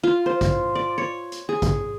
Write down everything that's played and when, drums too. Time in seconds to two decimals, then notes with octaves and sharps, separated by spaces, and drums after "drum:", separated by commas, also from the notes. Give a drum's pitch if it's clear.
0.03 F4
0.26 C5
0.41 drum: kick A1, hi-hat
0.75 D5
0.98 C#5
1.32 drum: hi-hat
1.49 G#4
1.62 drum: kick A1, hi-hat